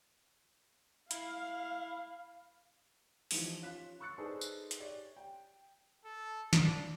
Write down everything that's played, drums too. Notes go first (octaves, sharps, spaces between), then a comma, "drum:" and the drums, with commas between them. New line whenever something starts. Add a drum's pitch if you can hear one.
E4 F5, drum: hi-hat
E3 F3 D#4 G4, drum: open hi-hat
C#4 F4 F#6 B6 E7
B5 C#6 E6 F#6 A6 C#7
D#4 G#4 A4 B4 C5 D5
drum: tambourine
drum: hi-hat
G4 C#5 D5
G5
A4
D4, drum: snare